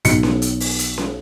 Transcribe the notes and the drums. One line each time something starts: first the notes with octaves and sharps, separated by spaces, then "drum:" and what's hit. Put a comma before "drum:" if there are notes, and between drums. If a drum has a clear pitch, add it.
B1 C#7, drum: hi-hat
drum: snare C#4
drum: hi-hat
drum: open hi-hat
drum: hi-hat
drum: snare C#4